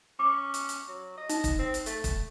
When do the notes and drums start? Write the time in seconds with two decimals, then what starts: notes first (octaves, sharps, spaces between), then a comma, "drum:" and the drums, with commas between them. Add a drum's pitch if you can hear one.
0.19 C#4 D6
0.54 drum: hi-hat
0.69 drum: hi-hat
0.88 F#3
1.18 D#5
1.29 D#4, drum: hi-hat
1.44 drum: kick E1, hi-hat
1.59 C4
1.74 drum: hi-hat
1.86 A3, drum: hi-hat
2.04 drum: kick E1, hi-hat